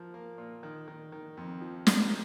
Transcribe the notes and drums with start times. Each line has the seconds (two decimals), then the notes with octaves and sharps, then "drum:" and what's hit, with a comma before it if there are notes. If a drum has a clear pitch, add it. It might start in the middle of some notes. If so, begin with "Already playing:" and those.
Already playing: F3 A#3
0.14 A#3
0.38 A#2
0.63 D#3
0.88 D#3
1.12 D#3
1.37 F2
1.61 F3
1.87 G#1, drum: snare